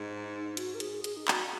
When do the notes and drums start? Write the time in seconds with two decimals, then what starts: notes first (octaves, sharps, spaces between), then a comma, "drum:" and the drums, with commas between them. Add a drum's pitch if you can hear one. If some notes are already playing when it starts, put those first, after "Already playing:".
Already playing: G#2 D#4
0.53 D#4
0.57 F#4, drum: hi-hat
0.75 A#4
0.80 G#4, drum: hi-hat
1.04 G#4, drum: hi-hat
1.17 D#4
1.28 F#4, drum: clap